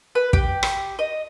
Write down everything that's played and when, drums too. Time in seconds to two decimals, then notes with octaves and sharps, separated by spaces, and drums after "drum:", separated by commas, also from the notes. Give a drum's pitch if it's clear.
0.15 B4
0.33 G4, drum: kick
0.63 drum: rim click
0.99 D#5